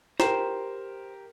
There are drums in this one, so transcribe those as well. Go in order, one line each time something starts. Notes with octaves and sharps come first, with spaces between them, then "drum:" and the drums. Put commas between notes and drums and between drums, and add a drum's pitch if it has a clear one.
G4 A#4 C5 A#5, drum: snare